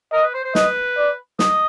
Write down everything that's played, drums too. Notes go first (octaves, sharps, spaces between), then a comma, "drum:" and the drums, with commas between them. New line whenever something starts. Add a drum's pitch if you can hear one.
A#4 D#5
B4
C5
C5
B4 D#5, drum: snare
D5
D#5, drum: snare